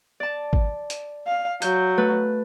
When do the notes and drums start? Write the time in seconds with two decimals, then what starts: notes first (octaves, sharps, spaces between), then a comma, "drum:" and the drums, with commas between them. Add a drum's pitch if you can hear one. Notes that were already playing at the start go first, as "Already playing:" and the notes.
0.20 D5 A5
0.53 drum: kick G#1
0.90 drum: hi-hat
1.27 F5
1.62 F#3 G6, drum: hi-hat
1.98 A3 B4